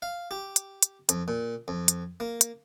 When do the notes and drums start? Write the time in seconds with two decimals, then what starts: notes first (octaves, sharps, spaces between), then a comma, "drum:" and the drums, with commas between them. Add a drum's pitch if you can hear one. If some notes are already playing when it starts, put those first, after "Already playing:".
0.02 F5
0.31 G4
0.56 drum: hi-hat
0.82 drum: hi-hat
1.09 F2, drum: hi-hat
1.28 A#2
1.68 F2
1.88 drum: hi-hat
2.20 A#3
2.41 drum: hi-hat